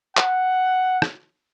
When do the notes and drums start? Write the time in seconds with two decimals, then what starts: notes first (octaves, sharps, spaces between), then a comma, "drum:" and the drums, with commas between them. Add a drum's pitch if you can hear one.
0.17 F#5, drum: clap
1.02 drum: rim click